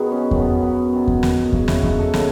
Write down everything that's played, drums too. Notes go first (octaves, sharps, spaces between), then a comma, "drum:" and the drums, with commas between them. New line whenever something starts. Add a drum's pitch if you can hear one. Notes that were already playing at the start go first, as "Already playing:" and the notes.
Already playing: F#2 D#3 F#3 B3 D#4 F#4 G#4 B4
C#4
F#2 D#3 F#3 C#4, drum: kick E2
B3
B3
F#2 D#3 F#3
drum: kick E2
drum: snare
F#2 C#3 F#3, drum: kick E2
C#4 E4, drum: snare
D#4 F#4, drum: kick E2
F#4 A4
C#3 F#3 A4 C#5, drum: snare